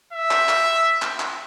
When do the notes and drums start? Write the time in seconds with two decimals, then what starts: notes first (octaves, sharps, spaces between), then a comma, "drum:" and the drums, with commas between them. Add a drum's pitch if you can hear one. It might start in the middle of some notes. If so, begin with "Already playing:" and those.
0.13 E5
0.31 drum: clap
0.49 drum: clap
1.02 drum: clap
1.20 drum: clap